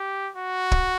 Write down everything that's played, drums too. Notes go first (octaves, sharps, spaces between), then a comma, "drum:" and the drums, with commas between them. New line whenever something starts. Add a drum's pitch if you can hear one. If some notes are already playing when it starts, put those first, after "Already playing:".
Already playing: G4
F#4
drum: kick